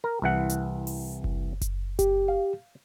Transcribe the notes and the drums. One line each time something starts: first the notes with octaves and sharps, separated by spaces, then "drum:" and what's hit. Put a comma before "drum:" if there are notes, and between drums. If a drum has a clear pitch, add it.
A#4
C2 E3 F#5
drum: hi-hat
drum: open hi-hat
drum: kick F#1
drum: kick F#1, hi-hat
G4, drum: kick F#1, hi-hat
F5